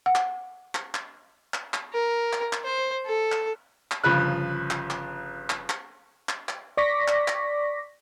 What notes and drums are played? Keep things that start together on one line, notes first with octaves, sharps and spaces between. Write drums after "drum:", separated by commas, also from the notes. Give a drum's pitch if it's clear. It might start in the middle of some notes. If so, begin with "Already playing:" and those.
F#5
drum: clap
drum: clap
drum: clap
drum: clap
drum: clap
A#4
drum: clap
drum: clap
C5
A4
drum: clap
drum: clap
G1 C#3 F3 B4 F#6
drum: clap
drum: clap
drum: clap
drum: clap
drum: clap
drum: clap
D5 C#6 D6 A#6 B6
drum: clap
drum: clap